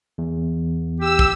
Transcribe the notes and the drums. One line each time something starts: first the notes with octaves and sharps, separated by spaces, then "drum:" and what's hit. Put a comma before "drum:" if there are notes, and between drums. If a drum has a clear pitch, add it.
E2
G4 E6
drum: kick